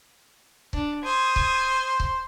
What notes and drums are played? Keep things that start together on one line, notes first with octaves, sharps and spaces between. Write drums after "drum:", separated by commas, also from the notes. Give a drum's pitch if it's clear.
D4, drum: kick C#1
C5 D#6 G#6
drum: kick C#1
drum: kick C#1